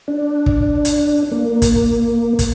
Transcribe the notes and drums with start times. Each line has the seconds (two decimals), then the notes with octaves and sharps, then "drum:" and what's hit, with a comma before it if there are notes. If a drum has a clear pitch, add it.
0.08 D4
0.46 drum: kick
0.85 drum: hi-hat
1.31 A#3
1.62 drum: kick, hi-hat
2.39 drum: kick, hi-hat